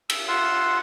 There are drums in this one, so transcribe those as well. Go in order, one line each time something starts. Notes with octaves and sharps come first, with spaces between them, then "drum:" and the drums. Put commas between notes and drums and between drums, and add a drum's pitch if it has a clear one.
E6, drum: cymbal
F4 F#5 C6 E6